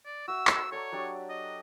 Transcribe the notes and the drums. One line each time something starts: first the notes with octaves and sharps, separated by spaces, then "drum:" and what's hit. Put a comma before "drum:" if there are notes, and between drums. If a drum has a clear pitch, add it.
D5
F#4 E5 E6
drum: clap
A4 C#5 D5 A#5
F#3 D4 G4
D#5